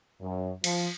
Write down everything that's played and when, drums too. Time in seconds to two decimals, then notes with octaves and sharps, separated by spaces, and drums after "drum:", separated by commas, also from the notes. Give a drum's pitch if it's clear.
0.21 F#2
0.64 F3, drum: cymbal